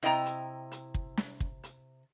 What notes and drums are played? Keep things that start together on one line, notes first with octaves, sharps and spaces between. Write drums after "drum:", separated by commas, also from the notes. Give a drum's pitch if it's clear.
C3 E4 D#5 G5 G#5 A#5
drum: hi-hat
drum: hi-hat
drum: kick
drum: snare
drum: kick
drum: hi-hat